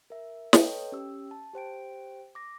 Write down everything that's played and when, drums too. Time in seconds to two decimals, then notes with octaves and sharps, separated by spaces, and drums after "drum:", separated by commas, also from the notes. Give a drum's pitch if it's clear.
0.10 A#4 E5
0.53 A4 B4 C#5 D#5 G5, drum: snare
0.92 C#4 G4 E6
1.31 A5
1.54 G4 C5 G5 D7
2.35 D6 A#6